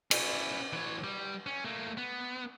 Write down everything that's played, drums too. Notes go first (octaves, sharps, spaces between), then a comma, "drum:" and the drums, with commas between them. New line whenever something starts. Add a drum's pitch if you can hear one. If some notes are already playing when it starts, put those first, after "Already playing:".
C#4 E4, drum: cymbal
E3 C#5
G3
C#4
A3 A#3
B3